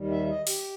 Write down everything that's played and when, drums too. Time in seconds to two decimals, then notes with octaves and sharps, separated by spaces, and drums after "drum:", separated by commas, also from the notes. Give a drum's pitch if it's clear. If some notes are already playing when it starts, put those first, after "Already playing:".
Already playing: D#2 D#3 G3
0.11 E5
0.29 D#5
0.47 G4, drum: open hi-hat